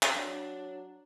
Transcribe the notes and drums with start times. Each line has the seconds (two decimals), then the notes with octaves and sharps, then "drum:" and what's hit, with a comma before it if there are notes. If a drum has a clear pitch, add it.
0.03 drum: clap
0.15 F#3 D4